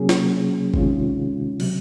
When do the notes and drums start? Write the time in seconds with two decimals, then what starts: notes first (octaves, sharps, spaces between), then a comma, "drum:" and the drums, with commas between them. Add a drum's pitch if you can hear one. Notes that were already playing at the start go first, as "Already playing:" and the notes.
Already playing: C3 F#3 A#3 C#4 G#4
0.09 drum: snare
0.74 C3 D#3 G#3 C#4 F4, drum: kick
1.60 C3 F#3, drum: cymbal